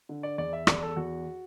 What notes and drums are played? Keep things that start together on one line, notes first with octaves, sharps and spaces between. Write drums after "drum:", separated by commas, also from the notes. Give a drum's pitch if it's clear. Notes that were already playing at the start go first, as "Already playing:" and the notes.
D3
D5
E2 D5
E5
E2 D5, drum: rim click
A4
E2 F#4